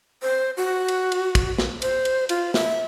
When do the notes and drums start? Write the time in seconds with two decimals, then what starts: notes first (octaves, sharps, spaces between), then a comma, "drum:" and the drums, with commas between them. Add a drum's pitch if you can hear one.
0.22 C5
0.57 F#4
0.88 drum: cymbal
1.12 drum: cymbal
1.35 drum: kick, cymbal
1.58 drum: snare
1.82 C5, drum: cymbal
2.05 drum: cymbal
2.29 F4, drum: cymbal
2.54 E5, drum: snare